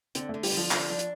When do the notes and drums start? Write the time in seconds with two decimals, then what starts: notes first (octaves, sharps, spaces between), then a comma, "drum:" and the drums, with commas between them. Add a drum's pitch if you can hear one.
0.15 D3 C4, drum: hi-hat
0.29 D3 A3
0.43 G3, drum: open hi-hat
0.52 D3
0.57 F3
0.71 D3 F3, drum: clap
0.90 F3 D4
0.99 drum: hi-hat